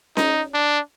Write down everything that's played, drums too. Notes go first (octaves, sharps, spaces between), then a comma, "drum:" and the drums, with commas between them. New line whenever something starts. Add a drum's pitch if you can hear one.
D#4, drum: snare C#4
D4